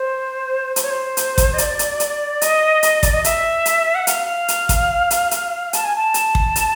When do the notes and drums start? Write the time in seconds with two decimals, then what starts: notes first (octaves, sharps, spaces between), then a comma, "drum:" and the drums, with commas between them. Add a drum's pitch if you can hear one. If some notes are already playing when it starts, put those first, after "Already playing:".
Already playing: C5
0.76 C5, drum: hi-hat
0.83 C#5
0.90 C5
1.17 drum: hi-hat
1.38 drum: kick, hi-hat
1.54 D#5
1.58 D5, drum: hi-hat
1.79 drum: hi-hat
2.00 drum: hi-hat
2.41 D#5, drum: hi-hat
2.83 drum: hi-hat
3.03 D5, drum: kick, hi-hat
3.13 D#5
3.24 E5, drum: hi-hat
3.65 drum: hi-hat
3.95 F#5
4.07 F5, drum: hi-hat
4.48 drum: hi-hat
4.69 drum: kick, hi-hat
5.11 drum: hi-hat
5.31 drum: hi-hat
5.73 A5, drum: hi-hat
5.84 G#5
5.96 A5
6.14 drum: hi-hat
6.35 drum: kick
6.56 drum: hi-hat